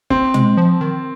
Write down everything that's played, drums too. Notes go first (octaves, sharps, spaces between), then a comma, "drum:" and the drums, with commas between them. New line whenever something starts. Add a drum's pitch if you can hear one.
C4, drum: kick
G#3, drum: tom
F3
D#3